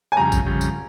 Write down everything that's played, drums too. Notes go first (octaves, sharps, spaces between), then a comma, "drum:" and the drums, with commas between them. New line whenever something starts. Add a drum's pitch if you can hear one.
G#5
F2 C#3 G3 A#5
drum: kick A1, tambourine
F2 C#3 G3
drum: tambourine